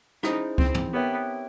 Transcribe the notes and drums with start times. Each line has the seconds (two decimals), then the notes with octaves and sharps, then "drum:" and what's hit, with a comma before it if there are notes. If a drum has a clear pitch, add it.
0.23 C#4 D#4 E4 G#4 C5, drum: rim click
0.58 C4, drum: kick C#2
0.74 drum: tom
0.93 B3 G4 A#4 C#5 E5 G5